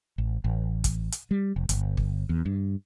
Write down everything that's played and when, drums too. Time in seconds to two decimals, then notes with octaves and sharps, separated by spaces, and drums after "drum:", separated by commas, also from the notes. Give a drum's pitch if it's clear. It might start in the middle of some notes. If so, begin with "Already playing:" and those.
0.18 A1
0.44 A1
0.84 drum: kick, hi-hat
1.12 drum: hi-hat
1.31 G3
1.56 F1
1.69 G1, drum: hi-hat
1.97 drum: kick
2.29 E2
2.45 G2